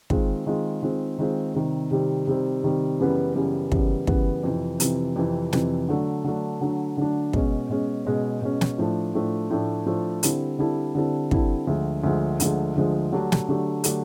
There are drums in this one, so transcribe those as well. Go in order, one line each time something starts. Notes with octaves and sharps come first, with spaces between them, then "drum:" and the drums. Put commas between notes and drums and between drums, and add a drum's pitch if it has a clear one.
D#3 G#3 C4 F4, drum: kick
D#3 G#3 C4 F4
D#3 G#3 C4 F4
D#3 G#3 C4 F4
C3 D#3 G3 C4
C3 D#3 G3 C4
C3 D#3 G3 C4
C3 D#3 G3 C4
F#2 C#3 E3 G3 B3
F#2 C#3 E3 G3 B3
F#2 C#3 E3 G3 B3, drum: kick
F#2 C#3 E3 G3 B3, drum: kick
F2 C3 E3
F2 C3 E3, drum: hi-hat
F2 C3 E3
F2 C3 E3, drum: snare
D3 F#3 A3 D4
D3 F#3 A3 D4
D3 F#3 A3 D4
D3 F#3 A3 D4
B2 G#3 C#4, drum: kick
B2 G#3 C#4
B2 G#3 C#4
B2 G#3 C#4
drum: snare
A2 F3 A3 D4
A2 F3 A3 D4
A2 F3 A3 D4
A2 F3 A3 D4
D3 G3 C4 E4 A4, drum: hi-hat
D3 G3 C4 E4 A4
D3 G3 C4 E4 A4
D3 G3 C4 E4 A4, drum: kick
D2 D3 F3 G#3
D2 D3 F3 G#3
D2 D3 F3 G#3, drum: hi-hat
D2 D3 F3 G#3
D3 F#3 A3 D4 G4
drum: snare
D3 F#3 A3 D4 G4
D3 F#3 A3 D4 G4, drum: hi-hat